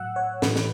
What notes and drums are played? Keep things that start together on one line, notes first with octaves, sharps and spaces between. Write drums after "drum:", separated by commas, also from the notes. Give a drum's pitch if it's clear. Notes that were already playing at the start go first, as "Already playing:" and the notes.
Already playing: A2 F#3 F#5 E6 F#6
C#5
A2 E3 B4, drum: snare
drum: snare